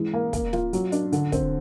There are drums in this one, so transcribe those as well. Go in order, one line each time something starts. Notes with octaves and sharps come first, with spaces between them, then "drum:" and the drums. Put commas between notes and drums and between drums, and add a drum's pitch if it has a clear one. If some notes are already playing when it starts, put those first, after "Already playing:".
Already playing: E3 G#3
A#3
A#3, drum: kick, hi-hat
F4, drum: snare
F#3, drum: hi-hat
D4, drum: hi-hat
D3, drum: hi-hat
C4, drum: kick, hi-hat